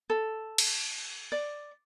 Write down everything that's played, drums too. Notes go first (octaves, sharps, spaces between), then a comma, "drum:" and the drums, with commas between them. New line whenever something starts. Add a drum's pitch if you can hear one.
A4
drum: cymbal
D5